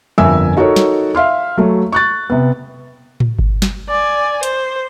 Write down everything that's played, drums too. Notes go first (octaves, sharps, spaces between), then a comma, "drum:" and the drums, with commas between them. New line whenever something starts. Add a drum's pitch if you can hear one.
G1 F2 A#4 E5 G#5 E6
D#4 F#4 A4 A#4 C#5
drum: snare
E5 F5 C6 F6
F#3 A3
C#6 F#6 A6
C3 B3
drum: tom A2
drum: kick G1
drum: snare
D5 G#5
C5, drum: hi-hat